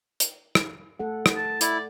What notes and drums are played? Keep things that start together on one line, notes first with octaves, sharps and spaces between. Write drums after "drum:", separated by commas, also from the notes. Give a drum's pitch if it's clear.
drum: hi-hat
drum: rim click
A3 A4 F#5
drum: rim click
A5
E4 D5, drum: hi-hat